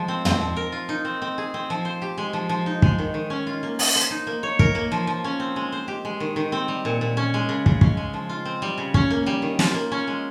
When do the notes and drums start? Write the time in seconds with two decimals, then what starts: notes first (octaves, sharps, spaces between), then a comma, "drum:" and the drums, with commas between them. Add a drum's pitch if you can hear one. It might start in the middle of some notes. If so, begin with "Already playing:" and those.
Already playing: F3 G#3
0.08 C4
0.25 C4, drum: tom
0.41 F3
0.57 A#4
0.72 F4
0.89 D#4
1.05 C4
1.22 C4
1.38 G#4
1.54 C4
1.70 F3
1.85 C5
2.02 G4
2.18 G#3
2.33 F3
2.49 F3
2.66 D#4
2.82 G#3, drum: kick
2.99 D#3
3.14 D#3
3.30 C#4
3.47 F4
3.63 A#3
3.79 D#5, drum: open hi-hat
3.96 C5
4.10 D#4
4.27 A#3
4.43 C#5
4.59 A#4, drum: kick
4.75 A#3
4.92 F3
5.07 F3
5.24 C#4
5.40 C4
5.56 G#3
5.72 C5
5.88 G4
6.05 G#3
6.20 D#3
6.36 D#3
6.52 C4
6.68 G3
6.85 A#2
7.01 A#2
7.17 C#4
7.34 G#3
7.49 C#3
7.66 C#3, drum: kick
7.81 C#4, drum: kick
7.97 G#3
8.14 F3
8.29 F4
8.45 C4
8.62 G3
8.78 C#3
8.94 C#4, drum: kick
9.11 A#3
9.26 G3
9.42 D#3
9.59 F4, drum: snare
9.74 A#3
9.92 C#4
10.07 G#3